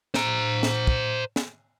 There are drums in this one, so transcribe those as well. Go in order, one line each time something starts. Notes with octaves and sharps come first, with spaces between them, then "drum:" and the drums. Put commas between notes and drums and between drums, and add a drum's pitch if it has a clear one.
C5 A#5, drum: snare
drum: snare
drum: kick
drum: snare